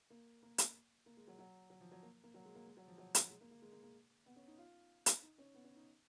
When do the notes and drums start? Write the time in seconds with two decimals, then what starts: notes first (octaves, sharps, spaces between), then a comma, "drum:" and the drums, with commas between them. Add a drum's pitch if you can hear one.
0.10 A#3
0.43 A#3
0.58 drum: hi-hat
1.06 A#3
1.17 G#3
1.27 F#3
1.39 F#3
1.70 F#3
1.80 F3
1.91 F#3
2.03 A#3
2.24 A#3
2.34 F#3
2.45 G#3
2.55 A#3
2.66 G#3
2.77 F#3
2.88 F3
2.98 F#3
3.15 F#3, drum: hi-hat
3.30 G#3
3.41 A#3
3.51 A#3
3.62 G#3
3.72 A#3
3.83 A#3
4.26 B3
4.36 C#4
4.48 D#4
4.58 F4
5.06 drum: hi-hat
5.23 D#4
5.38 C#4
5.54 B3
5.64 C#4
5.76 D#4